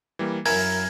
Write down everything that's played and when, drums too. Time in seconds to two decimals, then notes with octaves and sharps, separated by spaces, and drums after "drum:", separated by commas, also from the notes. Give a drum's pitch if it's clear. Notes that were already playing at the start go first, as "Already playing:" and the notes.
0.19 E3 G3 A#3
0.46 F#2 E4 A#4 G#5 A#5 G#6, drum: open hi-hat